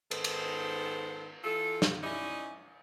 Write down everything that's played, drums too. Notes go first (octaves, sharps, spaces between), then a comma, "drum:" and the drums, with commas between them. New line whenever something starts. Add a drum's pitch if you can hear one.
G#2 D#3 B3 A4 C5, drum: cymbal
drum: cymbal
E3 F4 A4
drum: snare
C#4 D#4 E4 D5 D#5